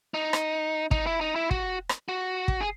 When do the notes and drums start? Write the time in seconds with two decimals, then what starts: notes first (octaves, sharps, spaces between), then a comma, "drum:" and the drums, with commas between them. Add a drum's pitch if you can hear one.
0.14 D#4
0.33 drum: rim click
0.91 D#4, drum: kick
1.06 E4
1.21 D#4
1.36 E4
1.51 F#4, drum: kick
1.89 drum: rim click
2.08 F#4
2.48 drum: kick
2.61 G#4